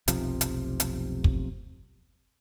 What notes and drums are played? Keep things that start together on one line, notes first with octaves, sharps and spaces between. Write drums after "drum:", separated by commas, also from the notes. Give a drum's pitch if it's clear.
F1 B1 C3 F3, drum: hi-hat
drum: hi-hat
drum: hi-hat
drum: kick